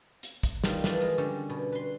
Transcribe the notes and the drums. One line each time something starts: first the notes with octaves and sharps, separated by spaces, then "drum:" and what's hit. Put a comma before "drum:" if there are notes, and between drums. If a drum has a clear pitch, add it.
drum: hi-hat
drum: kick, hi-hat
D#3 G3 F4, drum: snare
E3 F3 A3, drum: snare
G#3 A#4 D#5
D3 G3 C#4
B2
B4 C6